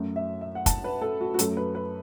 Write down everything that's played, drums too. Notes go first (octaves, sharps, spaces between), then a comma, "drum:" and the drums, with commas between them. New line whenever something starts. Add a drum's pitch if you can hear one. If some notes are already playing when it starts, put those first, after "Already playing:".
Already playing: F#2 F#3 A3
E5
E5
F#5
A5, drum: kick, hi-hat
B4
A4
F#4
F#4
F#2 F#3 A3 A4, drum: hi-hat
B4
B4